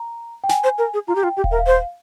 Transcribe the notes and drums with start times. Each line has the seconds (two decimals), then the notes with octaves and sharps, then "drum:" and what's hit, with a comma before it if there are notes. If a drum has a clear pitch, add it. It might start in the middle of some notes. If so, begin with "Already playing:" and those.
Already playing: A#5
0.44 G5
0.49 G#5, drum: snare
0.64 C5
0.78 A#4
0.94 G#4
1.08 F4 A#5
1.15 G4
1.23 F4 G5
1.37 G4 G5
1.44 F5, drum: kick D#1
1.51 A#4 E5
1.59 F5
1.67 C5